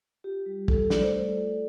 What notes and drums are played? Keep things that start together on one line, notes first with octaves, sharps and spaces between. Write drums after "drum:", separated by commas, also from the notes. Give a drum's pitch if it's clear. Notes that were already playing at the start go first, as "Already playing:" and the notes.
F4 G4
G3 G4
G3 A4, drum: kick
A3 D5, drum: snare
C5
A3 A4 D5
F4